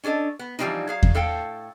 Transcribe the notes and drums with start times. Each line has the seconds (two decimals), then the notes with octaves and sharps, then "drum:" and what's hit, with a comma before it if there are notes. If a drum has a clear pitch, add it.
0.04 C#4 D4 G#4 A4 D#5
0.39 B3
0.59 E3 F3 G3 G#3 C4 D#4
0.87 F#3 G#4 F5
1.03 drum: kick E2
1.15 A2 A4 F5 G5